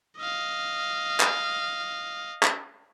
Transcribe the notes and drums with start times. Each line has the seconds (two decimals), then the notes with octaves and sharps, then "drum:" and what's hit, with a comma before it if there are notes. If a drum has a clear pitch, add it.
0.18 D#5 F5
1.20 drum: clap
2.43 drum: clap